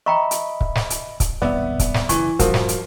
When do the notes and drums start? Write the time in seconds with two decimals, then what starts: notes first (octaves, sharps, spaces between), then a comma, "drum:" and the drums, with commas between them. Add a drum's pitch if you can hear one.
0.06 D#5 E5 G5 A#5 B5 C#6
0.31 drum: hi-hat
0.61 drum: kick C#1
0.75 drum: snare
0.90 drum: hi-hat
1.20 drum: kick C#1, hi-hat
1.42 E1 C2 G2 B3 D5 E5
1.79 drum: kick C#1, hi-hat
1.94 drum: snare
2.09 F#1 C#3 E3 C#6, drum: hi-hat
2.39 G2 A#2 C#3 F3 F#4 A#4, drum: kick C#1, hi-hat
2.54 drum: snare
2.69 drum: hi-hat